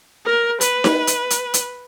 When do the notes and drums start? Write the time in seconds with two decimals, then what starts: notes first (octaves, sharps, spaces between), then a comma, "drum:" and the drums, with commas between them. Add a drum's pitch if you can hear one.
0.26 A#4
0.61 B4, drum: hi-hat
0.84 drum: snare D#4
1.07 drum: hi-hat
1.30 drum: hi-hat
1.54 drum: hi-hat